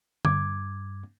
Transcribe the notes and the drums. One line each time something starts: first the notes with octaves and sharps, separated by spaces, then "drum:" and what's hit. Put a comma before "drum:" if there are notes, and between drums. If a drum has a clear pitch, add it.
G2 D6 G#6, drum: tom D3